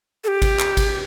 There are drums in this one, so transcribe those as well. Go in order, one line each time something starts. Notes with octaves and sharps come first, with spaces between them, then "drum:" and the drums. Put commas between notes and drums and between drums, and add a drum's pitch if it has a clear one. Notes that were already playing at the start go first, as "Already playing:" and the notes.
A4
G4
drum: kick G#1, cymbal
drum: clap
drum: kick G#1, cymbal